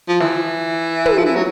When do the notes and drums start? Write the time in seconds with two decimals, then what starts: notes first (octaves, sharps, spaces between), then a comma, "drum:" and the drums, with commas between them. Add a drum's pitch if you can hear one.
0.08 F3
0.20 E3, drum: snare
1.06 drum: tom
1.18 F3
1.25 E3
1.35 F#3